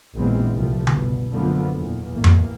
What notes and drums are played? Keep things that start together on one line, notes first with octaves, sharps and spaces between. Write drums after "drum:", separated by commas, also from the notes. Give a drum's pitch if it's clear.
A#1 E2 C#3 G#3 C4
C2 F3 A3
G1 B2, drum: tom C#3
F#1 F#2 D3 F3 A3 B3
E2 A#2
A1 A#3
drum: tom F2